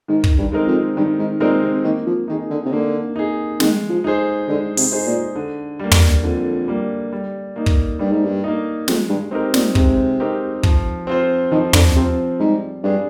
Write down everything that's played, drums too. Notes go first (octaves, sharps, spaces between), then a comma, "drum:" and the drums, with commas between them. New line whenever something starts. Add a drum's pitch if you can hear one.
G#2 D#3
drum: kick
G2
G#3 C4 D#4 A#4
F2
G2 D#3
G#2
A#2 G#3 C4 D#4 A#4
C3
D#3 A#3
F3
D#3 D#4 G#4
D3
C3
D3 A#3
D#4 G#4
D#3 G#3, drum: snare
F3
D#4 G#4 C5
D3 G#3
C3, drum: open hi-hat
D#4 G#4 C5
A#2
D3
G3 A#3
drum: tom
F2 D3
G3 A#3
G3
A#3 D#4
drum: kick
G2 G3
G#2
G2
A#3 D#4
F2 G#3, drum: snare
G2
C4 D#4 G4 A#4
A#2, drum: snare
C3 G#3, drum: kick
C4 D#4 G4 A#4
F3, drum: kick
C4 F4 C5
D#3 F3
D3, drum: tom
C3 C4 F4 C5
G#2 G3
G2 D4 G#4